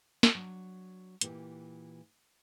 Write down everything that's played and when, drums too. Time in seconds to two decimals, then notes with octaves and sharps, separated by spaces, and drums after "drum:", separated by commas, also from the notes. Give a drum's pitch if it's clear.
0.23 drum: snare
0.35 F#3 D4
1.21 A#2 E3 E4 G4, drum: hi-hat